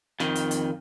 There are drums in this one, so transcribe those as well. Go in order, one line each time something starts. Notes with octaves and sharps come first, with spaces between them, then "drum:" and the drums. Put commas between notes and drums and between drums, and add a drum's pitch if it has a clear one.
F2 D#3, drum: snare
drum: hi-hat
drum: hi-hat